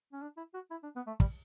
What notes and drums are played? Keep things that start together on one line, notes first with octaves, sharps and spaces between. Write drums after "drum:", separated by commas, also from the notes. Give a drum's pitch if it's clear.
C#4
D4
E4
F#4
E4
D4
B3
A3
G3, drum: kick